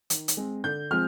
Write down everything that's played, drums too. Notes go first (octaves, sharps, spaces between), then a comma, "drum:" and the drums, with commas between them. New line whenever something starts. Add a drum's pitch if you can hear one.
D#3, drum: hi-hat
drum: hi-hat
G#3 C4
D3 G6
F3 G#3 C4 F6